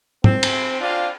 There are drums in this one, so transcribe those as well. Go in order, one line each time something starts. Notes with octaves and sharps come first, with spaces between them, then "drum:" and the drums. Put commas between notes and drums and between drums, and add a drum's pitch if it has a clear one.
C4, drum: tom
drum: cymbal
C4 D4 F4